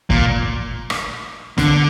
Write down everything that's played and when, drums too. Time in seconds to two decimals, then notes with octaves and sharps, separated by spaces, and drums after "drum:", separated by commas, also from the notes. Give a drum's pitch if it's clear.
0.10 A#2, drum: kick
0.90 drum: rim click
1.58 D3, drum: snare